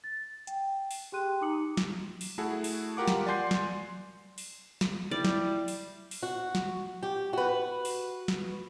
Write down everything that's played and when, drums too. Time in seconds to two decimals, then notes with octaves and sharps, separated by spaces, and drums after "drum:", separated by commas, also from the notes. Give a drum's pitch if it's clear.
0.04 A6
0.47 G5, drum: hi-hat
0.91 drum: open hi-hat
1.12 G4 G#4 G5 C6 F#6 D#7
1.41 D#4 A#5 D6 D#6 C#7 F#7
1.77 drum: snare
2.21 drum: open hi-hat
2.38 A3 E4 F#4 G#4 A4
2.64 drum: open hi-hat
2.97 F4 G4 A#4 F#5 D6
3.08 drum: snare
3.26 D5 F#5 G#5 C6 G6 C7
3.51 drum: snare
4.38 drum: open hi-hat
4.81 drum: snare
5.11 G3 E4 D5
5.25 drum: snare
5.68 drum: open hi-hat
6.11 drum: open hi-hat
6.23 F#4
6.55 drum: snare
7.03 G4
7.33 F#4 B4
7.85 drum: open hi-hat
8.28 drum: snare